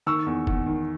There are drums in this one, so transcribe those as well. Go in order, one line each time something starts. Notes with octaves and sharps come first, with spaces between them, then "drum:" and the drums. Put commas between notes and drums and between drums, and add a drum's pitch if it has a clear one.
D#3 C#6 E6
E2
E2, drum: kick
D#3